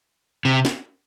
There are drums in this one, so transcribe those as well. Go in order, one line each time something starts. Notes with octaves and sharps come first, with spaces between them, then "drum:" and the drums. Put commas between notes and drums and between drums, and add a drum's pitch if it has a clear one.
C3
drum: snare